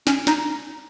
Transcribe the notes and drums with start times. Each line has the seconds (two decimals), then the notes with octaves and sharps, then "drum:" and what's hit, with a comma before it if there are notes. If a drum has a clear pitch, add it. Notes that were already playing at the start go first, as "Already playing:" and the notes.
0.07 C#4, drum: snare
0.27 D#4, drum: snare